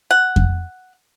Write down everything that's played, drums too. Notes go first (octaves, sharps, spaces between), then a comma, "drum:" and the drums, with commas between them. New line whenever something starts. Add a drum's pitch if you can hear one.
F#5
drum: kick F2